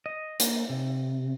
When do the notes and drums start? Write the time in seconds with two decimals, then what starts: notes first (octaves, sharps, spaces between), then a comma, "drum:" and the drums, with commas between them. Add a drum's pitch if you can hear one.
0.06 D#5
0.40 A#3, drum: hi-hat
0.69 C3